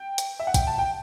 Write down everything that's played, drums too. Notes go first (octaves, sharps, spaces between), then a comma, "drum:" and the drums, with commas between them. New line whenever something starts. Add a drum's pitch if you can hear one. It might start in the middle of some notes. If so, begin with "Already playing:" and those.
Already playing: G5
drum: hi-hat
E5
F#5
G5, drum: kick A#1, hi-hat
A5
G5